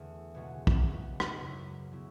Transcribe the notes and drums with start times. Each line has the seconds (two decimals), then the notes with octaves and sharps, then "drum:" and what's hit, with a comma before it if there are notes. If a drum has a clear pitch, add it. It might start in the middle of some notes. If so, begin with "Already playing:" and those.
Already playing: E2 D3 A3
0.34 C#2 B2 G#3 B3 F#4
0.67 drum: kick
0.84 C#2 B2 G#3 B3 F#4
1.20 drum: rim click
1.40 F#2 C#3 F#3 B3 E4
1.92 C#3 F#3 B3 E4